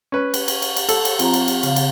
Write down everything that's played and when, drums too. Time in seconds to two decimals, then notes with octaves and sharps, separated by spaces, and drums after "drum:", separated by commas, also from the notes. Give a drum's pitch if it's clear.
0.12 C#4 B4
0.34 drum: cymbal
0.48 drum: cymbal
0.62 drum: cymbal
0.76 drum: cymbal
0.89 A4, drum: cymbal
1.05 drum: cymbal
1.19 F3 C4 A#5, drum: cymbal
1.33 drum: cymbal
1.48 drum: cymbal
1.63 C#3 F5, drum: cymbal
1.76 drum: cymbal